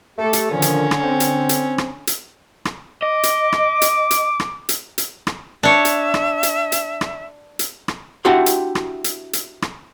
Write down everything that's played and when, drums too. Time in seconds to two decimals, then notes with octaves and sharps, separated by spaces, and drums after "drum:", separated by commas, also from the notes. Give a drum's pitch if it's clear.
0.18 A3 G4 A4
0.33 drum: hi-hat
0.50 A#2 D3 D#3 F3 C#4
0.62 drum: hi-hat
0.91 drum: rim click
1.04 C4
1.20 drum: hi-hat
1.49 drum: hi-hat
1.78 drum: rim click
2.07 drum: hi-hat
2.65 drum: rim click
3.02 D#5 D6
3.23 drum: hi-hat
3.52 drum: rim click
3.82 drum: hi-hat
4.11 drum: hi-hat
4.40 drum: rim click
4.69 drum: hi-hat
4.98 drum: hi-hat
5.27 drum: rim click
5.63 D4 C#5 E5
5.85 drum: hi-hat
6.14 drum: rim click
6.43 drum: hi-hat
6.72 drum: hi-hat
7.01 drum: rim click
7.59 drum: hi-hat
7.88 drum: rim click
8.25 D4 E4 F#4 G4 F#5 C6
8.46 drum: hi-hat
8.75 drum: rim click
9.04 drum: hi-hat
9.33 drum: hi-hat
9.62 drum: rim click